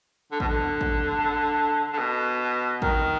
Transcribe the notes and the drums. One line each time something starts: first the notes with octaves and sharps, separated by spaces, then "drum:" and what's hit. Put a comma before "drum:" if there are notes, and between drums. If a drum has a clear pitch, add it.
D3
B2, drum: kick
D3
drum: kick
D3
B2
D#3, drum: kick